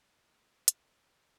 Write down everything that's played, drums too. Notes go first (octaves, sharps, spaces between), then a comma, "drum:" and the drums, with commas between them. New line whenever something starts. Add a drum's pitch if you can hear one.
C4
drum: hi-hat